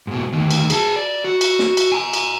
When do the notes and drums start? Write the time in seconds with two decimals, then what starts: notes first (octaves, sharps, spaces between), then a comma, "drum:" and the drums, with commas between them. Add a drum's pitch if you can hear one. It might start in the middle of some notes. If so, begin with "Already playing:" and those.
0.07 G#2 B2
0.32 D2 D#3
0.51 drum: cymbal
0.70 G#4 A5, drum: cymbal
0.96 D5
1.24 F#4
1.41 drum: cymbal
1.59 drum: snare
1.77 drum: cymbal
1.92 G#5 A#5
2.13 drum: cymbal